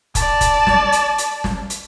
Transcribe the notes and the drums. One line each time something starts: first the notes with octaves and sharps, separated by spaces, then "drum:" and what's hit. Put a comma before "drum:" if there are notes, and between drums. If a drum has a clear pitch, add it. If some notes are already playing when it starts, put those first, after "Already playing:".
D5 A5, drum: kick, hi-hat
drum: kick, hi-hat
drum: snare
drum: hi-hat
drum: hi-hat
drum: snare
drum: hi-hat